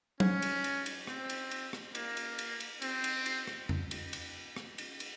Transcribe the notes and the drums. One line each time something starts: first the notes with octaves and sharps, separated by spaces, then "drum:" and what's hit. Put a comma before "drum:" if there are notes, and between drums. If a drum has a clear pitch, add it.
C#4, drum: tom
drum: cymbal
drum: cymbal
drum: cymbal
C4, drum: rim click
drum: cymbal
drum: cymbal
drum: rim click
A#3, drum: cymbal
drum: cymbal
drum: cymbal
drum: cymbal
C4, drum: cymbal
drum: cymbal
drum: cymbal
drum: rim click
drum: tom F2
drum: cymbal
drum: cymbal
drum: rim click
drum: cymbal
drum: cymbal